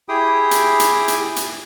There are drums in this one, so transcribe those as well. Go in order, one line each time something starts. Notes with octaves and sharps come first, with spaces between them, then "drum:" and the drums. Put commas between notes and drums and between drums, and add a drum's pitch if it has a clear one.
E4 G4 G#4 G5 D#6
drum: hi-hat
drum: hi-hat
drum: hi-hat
drum: hi-hat